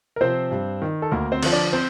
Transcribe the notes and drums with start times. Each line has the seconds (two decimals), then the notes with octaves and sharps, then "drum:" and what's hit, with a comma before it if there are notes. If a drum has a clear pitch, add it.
0.16 A#4
0.21 C3 F3 C4 C5
0.51 G2
0.82 D#3
1.02 A4
1.12 D2 A#3 A#4
1.32 C4 C5
1.43 D3 F3, drum: cymbal
1.52 D4 D5
1.73 C4 C5